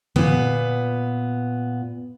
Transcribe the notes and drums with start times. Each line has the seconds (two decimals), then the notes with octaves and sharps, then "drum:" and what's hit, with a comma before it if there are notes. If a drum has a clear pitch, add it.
0.16 A#2 B3, drum: tom D3